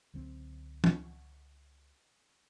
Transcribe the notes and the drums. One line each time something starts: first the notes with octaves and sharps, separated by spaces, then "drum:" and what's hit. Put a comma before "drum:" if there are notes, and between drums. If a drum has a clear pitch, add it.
C#2 D3 F#3 C4
drum: tom E3